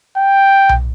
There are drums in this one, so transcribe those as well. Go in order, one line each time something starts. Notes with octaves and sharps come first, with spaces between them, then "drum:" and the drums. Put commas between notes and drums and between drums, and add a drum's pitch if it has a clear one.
G5
drum: tom B1